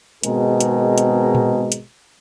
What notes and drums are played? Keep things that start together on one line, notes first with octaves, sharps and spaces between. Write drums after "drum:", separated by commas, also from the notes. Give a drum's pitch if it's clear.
G#1 B2 G#3 C4 G#4 A#4, drum: hi-hat
drum: hi-hat
drum: hi-hat
drum: tom A#2
drum: hi-hat